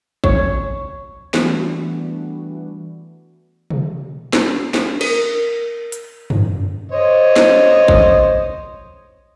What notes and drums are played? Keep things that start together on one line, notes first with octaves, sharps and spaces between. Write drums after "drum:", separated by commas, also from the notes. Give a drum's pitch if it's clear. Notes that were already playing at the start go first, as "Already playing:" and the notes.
C#5, drum: kick A1
E3 G3 A3 B3 D4 F#4, drum: snare
drum: tom B2
drum: snare
drum: snare
A#4, drum: cymbal
drum: hi-hat
drum: tom F#2
C5 C#5 D#5
drum: snare
drum: kick A1